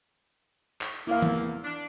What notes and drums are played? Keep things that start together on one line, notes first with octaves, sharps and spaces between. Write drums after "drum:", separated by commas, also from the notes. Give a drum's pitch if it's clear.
drum: clap
E2 A#3 E4 F5
drum: tom E3
D4